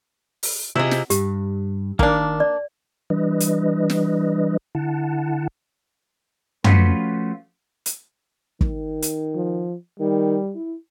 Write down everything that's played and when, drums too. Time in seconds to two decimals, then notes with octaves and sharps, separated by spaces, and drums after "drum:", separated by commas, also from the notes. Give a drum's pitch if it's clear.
0.43 drum: open hi-hat
0.75 C3 E4 F4 G#4 C5 D#5
0.91 drum: snare
1.10 G2 G4, drum: hi-hat
1.99 D#3 A#3 D4, drum: kick
2.40 D5
3.10 E3 G3 D4 B4 D#5
3.40 drum: hi-hat
3.90 drum: snare
4.75 D3 E4 F#5 A5
6.64 F3 A3 C#4 F4 F#4 B4, drum: tom
7.86 drum: hi-hat
8.61 D#3, drum: kick
9.02 drum: hi-hat
9.35 F3
10.00 D#3 G3
10.55 E4